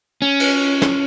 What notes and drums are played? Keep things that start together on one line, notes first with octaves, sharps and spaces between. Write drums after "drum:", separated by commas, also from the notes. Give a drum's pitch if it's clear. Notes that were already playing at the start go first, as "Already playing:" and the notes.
C#4
drum: cymbal
drum: snare